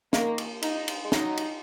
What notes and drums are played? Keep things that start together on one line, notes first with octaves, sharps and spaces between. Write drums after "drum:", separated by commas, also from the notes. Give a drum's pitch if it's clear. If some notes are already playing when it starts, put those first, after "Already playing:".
D#3 A#3, drum: snare
drum: cymbal
D#4, drum: cymbal
drum: cymbal
G#3
F#3 D#4, drum: snare
drum: cymbal